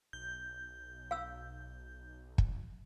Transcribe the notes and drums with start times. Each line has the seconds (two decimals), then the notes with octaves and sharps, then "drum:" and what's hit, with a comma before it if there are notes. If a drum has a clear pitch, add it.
0.13 B1 G6
1.11 F5 E6
2.38 drum: kick